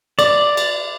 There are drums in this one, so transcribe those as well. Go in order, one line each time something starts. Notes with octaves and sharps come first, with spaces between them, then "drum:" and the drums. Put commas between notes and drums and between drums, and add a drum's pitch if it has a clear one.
D5, drum: cymbal
drum: cymbal